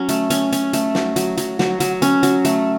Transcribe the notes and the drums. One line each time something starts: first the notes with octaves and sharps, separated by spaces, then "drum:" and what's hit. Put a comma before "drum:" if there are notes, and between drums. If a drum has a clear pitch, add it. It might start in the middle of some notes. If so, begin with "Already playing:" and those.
Already playing: F#3 C#4
A3, drum: hi-hat
C#4, drum: hi-hat
C#4, drum: hi-hat
A3, drum: hi-hat
F#3, drum: snare
F#3, drum: hi-hat
F#3, drum: hi-hat
F#3, drum: snare
F#3, drum: hi-hat
C#4, drum: hi-hat
F#3, drum: hi-hat
A3, drum: hi-hat